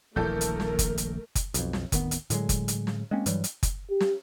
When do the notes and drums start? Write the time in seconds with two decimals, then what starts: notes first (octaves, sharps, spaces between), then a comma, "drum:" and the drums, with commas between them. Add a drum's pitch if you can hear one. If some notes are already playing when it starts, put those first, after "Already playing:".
0.16 D#1 A#1 E3 A3 A4 A#4 G6
0.41 drum: hi-hat
0.60 drum: snare
0.79 drum: kick F#1, hi-hat
0.98 drum: hi-hat
1.35 drum: kick F#1, hi-hat
1.54 B1 F2, drum: hi-hat
1.73 drum: snare
1.92 D1 D#3 B3, drum: kick F#1, hi-hat
2.11 drum: hi-hat
2.30 A2 D3 F#3 G#3, drum: hi-hat
2.49 drum: kick F#1, hi-hat
2.68 drum: hi-hat
2.87 drum: snare
3.11 G#3 A#3 C4 C#4
3.26 G2 E3 F#3 G3, drum: hi-hat
3.44 drum: hi-hat
3.63 drum: kick F#1, hi-hat
3.90 G4
4.00 drum: snare